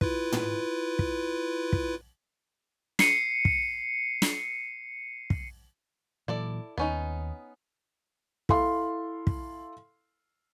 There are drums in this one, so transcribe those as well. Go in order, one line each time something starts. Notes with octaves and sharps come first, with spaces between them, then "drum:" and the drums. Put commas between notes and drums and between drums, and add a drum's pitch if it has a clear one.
E4 F4 B4, drum: kick
drum: tom
drum: kick
drum: kick
C7 C#7 D#7, drum: snare
drum: kick
drum: snare
drum: kick
A#2 E3 F#3 E4 A4 D5
D#2 B3 C#4 D#4
E4 A4 F5 C6, drum: kick
drum: kick